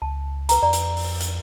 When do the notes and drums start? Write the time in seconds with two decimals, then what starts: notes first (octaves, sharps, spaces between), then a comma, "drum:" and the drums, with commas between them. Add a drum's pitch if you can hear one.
0.02 C#2 A5
0.49 B4 A#5, drum: hi-hat
0.62 F2 D5 G5 A#5
0.73 drum: hi-hat
0.97 drum: open hi-hat
1.20 drum: hi-hat